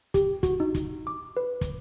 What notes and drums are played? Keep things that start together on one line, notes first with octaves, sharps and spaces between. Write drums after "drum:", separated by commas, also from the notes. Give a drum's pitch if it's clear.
G4, drum: kick, hi-hat
F#4, drum: kick, hi-hat
D#4
drum: kick, hi-hat
D6
B4
drum: kick, hi-hat